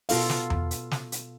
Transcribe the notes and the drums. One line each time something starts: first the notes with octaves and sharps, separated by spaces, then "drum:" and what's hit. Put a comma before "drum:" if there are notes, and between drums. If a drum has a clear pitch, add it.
B2 B3 F4 A4 F5, drum: open hi-hat
drum: snare
drum: tom E2
drum: hi-hat
drum: snare
drum: hi-hat